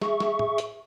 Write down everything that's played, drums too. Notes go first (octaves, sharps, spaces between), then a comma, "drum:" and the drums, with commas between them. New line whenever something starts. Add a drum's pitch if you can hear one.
G#4 E5 C#6, drum: snare
drum: snare
drum: tom
drum: hi-hat